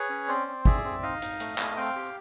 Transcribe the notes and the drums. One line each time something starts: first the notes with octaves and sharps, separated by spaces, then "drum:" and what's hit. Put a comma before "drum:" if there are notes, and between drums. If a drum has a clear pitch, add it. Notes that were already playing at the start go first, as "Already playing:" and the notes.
Already playing: G#4 B4 C#5
C#4
C4 C5 D5
C4
G#4 D5 E5, drum: kick
C4
D#4 D#5 F5
D#4, drum: hi-hat
A3, drum: hi-hat
A3, drum: clap
C4 F5 G5
G4